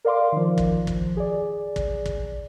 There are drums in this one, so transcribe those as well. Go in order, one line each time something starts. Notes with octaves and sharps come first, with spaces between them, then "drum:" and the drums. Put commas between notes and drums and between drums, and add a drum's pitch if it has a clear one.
A#4 D5 F5 C6 D6
D#3 F3
drum: kick
drum: kick
G#4 D5
drum: kick
drum: kick